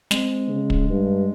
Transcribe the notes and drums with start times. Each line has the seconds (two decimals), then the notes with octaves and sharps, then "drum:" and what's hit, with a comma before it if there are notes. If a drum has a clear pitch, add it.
0.11 G#3 C4, drum: snare
0.50 C#3
0.70 drum: kick
0.89 G2